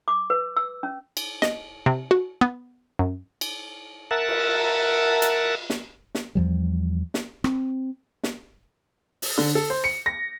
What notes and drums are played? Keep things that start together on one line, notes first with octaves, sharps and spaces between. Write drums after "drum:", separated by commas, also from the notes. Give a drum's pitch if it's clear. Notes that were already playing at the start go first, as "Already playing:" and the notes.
D6
B4
E6
C#4
drum: cymbal
D#5, drum: snare
C3
F#4
B3
F#2
drum: cymbal
A#4 E5 F#5 A5
drum: cymbal
drum: hi-hat
drum: snare
drum: snare
E2 F3 G3
drum: snare
C4, drum: rim click
drum: snare
drum: open hi-hat
D3
A4
C5
C#7
A#6